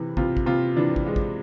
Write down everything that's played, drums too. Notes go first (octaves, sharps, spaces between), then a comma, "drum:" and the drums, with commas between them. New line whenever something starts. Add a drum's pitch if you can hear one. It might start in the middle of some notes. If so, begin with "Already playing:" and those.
Already playing: C3 E3
C3 F4, drum: kick
drum: kick
C3 F4
E3 D4
drum: kick
G#3
drum: kick